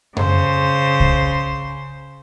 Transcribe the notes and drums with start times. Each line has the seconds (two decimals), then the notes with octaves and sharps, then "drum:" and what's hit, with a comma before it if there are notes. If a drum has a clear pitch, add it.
0.17 C#3 C5, drum: tom F#2
1.00 drum: kick C2